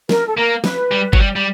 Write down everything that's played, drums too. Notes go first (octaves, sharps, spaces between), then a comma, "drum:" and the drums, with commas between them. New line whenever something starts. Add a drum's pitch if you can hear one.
A#4, drum: snare
A4
A#3 A#4
B4, drum: snare
G3
F#3, drum: kick G1
G3
G3